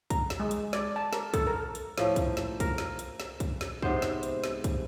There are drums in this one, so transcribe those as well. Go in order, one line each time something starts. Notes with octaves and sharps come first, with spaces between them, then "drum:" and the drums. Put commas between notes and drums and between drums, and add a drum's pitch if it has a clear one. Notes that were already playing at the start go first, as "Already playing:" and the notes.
A#5, drum: kick, hi-hat
drum: snare
G#3
drum: hi-hat
D5, drum: snare
A5
A#4, drum: snare
A4, drum: kick, hi-hat
A#4
drum: hi-hat
A2 F3 A#3, drum: snare
drum: kick, hi-hat
drum: snare
A#4, drum: kick, hi-hat
drum: snare
drum: hi-hat
drum: snare
drum: kick, hi-hat
drum: snare
G#2 C3 B3 C5, drum: kick
drum: snare
drum: hi-hat
drum: snare
drum: kick, hi-hat